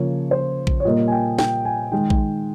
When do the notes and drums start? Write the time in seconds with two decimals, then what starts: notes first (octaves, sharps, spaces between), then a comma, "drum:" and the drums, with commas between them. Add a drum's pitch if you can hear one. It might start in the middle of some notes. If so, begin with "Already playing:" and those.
Already playing: C#3 F3 A#3 C#5
0.31 C5
0.67 drum: kick A#1
0.80 C#5
0.85 A#2 G3 A#3 D#5
1.08 G#5
1.12 G5
1.38 G5, drum: snare
1.65 G#5
1.92 D#3 G#3 G5
2.10 drum: kick A#1